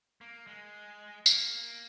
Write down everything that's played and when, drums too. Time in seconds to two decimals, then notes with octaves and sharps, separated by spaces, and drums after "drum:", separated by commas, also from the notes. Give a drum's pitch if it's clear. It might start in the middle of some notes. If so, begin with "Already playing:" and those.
0.21 A#3
0.47 G#3
1.26 A#3, drum: tambourine